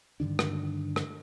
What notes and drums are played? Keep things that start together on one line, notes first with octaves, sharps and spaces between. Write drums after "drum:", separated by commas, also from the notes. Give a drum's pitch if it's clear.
G2 D3 D#3 D4
drum: rim click
drum: rim click